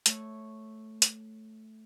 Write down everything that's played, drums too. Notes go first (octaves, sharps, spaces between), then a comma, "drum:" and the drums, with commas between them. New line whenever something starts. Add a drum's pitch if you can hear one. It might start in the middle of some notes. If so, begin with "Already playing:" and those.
A3 C#5, drum: hi-hat
drum: hi-hat